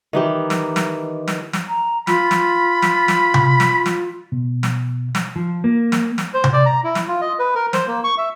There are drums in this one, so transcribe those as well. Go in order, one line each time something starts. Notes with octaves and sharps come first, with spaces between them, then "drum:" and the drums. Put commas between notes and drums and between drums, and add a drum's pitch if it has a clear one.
D#3 E3 G4
drum: snare
drum: snare
drum: snare
drum: snare
A#5
F4 B5, drum: snare
drum: snare
drum: snare
drum: snare
drum: tom C3
drum: snare
drum: snare
B2
drum: snare
drum: snare
F3
A#3
drum: snare
drum: snare
C5
drum: tom C3
D5
A#5
E4
drum: snare
F4
D#5
B4
A#4
C5, drum: snare
A#3
C#6
E5